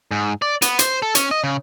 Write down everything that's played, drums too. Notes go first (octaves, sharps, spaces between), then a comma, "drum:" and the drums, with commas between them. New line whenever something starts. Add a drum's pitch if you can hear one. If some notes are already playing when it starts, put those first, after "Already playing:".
G#2
D5
B3, drum: hi-hat
C5, drum: hi-hat
A4
C#4, drum: hi-hat
D#5
C#3